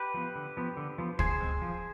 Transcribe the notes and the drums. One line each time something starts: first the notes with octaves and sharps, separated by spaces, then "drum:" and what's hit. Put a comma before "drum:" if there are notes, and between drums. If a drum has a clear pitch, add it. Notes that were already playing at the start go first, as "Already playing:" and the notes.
Already playing: G4 B4
F3 B3
D3
F3 B3
D3
F3 B3
F3 G#4 C5, drum: kick
G#3 C4
F3